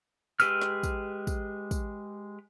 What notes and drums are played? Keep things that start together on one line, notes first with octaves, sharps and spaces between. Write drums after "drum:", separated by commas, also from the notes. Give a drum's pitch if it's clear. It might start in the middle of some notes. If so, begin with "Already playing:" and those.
G#3 G4 B4 E6 F6, drum: tambourine
drum: snare
drum: kick, tambourine
drum: kick, tambourine
drum: kick, tambourine